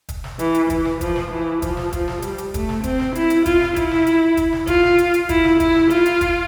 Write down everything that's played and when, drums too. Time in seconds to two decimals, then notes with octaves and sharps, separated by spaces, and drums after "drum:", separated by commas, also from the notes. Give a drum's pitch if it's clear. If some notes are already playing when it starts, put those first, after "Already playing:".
0.09 drum: kick, hi-hat
0.24 drum: snare
0.39 E3, drum: hi-hat
0.54 drum: hi-hat
0.70 E3, drum: kick, hi-hat
0.85 drum: snare
1.01 F3, drum: kick, hi-hat
1.16 drum: snare
1.31 E3
1.62 F3, drum: kick, hi-hat
1.77 drum: snare
1.93 F3, drum: kick, hi-hat
2.08 drum: snare
2.22 G3, drum: hi-hat
2.38 drum: hi-hat
2.54 A3, drum: kick, hi-hat
2.69 drum: snare
2.84 C4, drum: kick, hi-hat
2.99 drum: snare
3.15 E4, drum: hi-hat
3.30 drum: hi-hat
3.46 F4, drum: kick, hi-hat
3.61 drum: snare
3.76 E4, drum: kick, hi-hat
3.91 drum: snare
4.07 drum: hi-hat
4.37 drum: kick, hi-hat
4.53 drum: snare
4.67 F4, drum: kick, hi-hat
4.83 drum: snare
4.98 drum: hi-hat
5.14 drum: hi-hat
5.29 E4, drum: kick, hi-hat
5.44 drum: snare
5.60 E4, drum: kick, hi-hat
5.75 drum: snare
5.90 F4, drum: hi-hat
6.06 drum: hi-hat
6.21 drum: kick, hi-hat